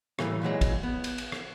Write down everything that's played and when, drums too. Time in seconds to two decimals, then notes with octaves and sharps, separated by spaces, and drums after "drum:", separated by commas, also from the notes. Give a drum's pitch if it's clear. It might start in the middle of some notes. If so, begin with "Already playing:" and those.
0.19 A2 E3 G3 A3 A#3, drum: rim click
0.42 A#2 E3 F#3 G#3
0.61 drum: kick, cymbal
0.83 B3
1.04 drum: cymbal
1.18 drum: cymbal
1.32 drum: rim click